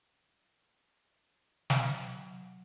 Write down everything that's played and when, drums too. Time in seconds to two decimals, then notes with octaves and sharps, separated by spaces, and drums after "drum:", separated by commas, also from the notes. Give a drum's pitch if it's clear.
1.70 F#3, drum: snare